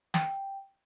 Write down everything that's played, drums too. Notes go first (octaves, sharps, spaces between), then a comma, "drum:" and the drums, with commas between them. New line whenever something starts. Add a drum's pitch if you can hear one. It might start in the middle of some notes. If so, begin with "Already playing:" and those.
G5, drum: snare